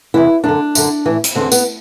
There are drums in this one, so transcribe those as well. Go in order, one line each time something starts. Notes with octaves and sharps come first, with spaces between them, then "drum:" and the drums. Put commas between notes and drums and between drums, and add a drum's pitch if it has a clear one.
E2 C3 E3 E4
F#2 D3 D4
F#2 D3, drum: tambourine
A2 E3
drum: hi-hat
E2 D3 C4
B3, drum: tambourine